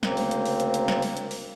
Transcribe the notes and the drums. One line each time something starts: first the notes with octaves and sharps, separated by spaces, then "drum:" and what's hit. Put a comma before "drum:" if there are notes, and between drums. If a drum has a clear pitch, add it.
D2 C#3 A#3 C4, drum: snare
drum: open hi-hat
drum: hi-hat
drum: open hi-hat
drum: hi-hat
drum: hi-hat
drum: snare
drum: open hi-hat
drum: hi-hat
drum: open hi-hat